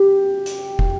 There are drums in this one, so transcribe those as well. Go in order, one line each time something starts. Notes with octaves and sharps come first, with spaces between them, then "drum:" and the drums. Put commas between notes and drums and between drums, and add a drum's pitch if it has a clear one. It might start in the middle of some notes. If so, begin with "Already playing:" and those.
Already playing: G4
drum: hi-hat
drum: kick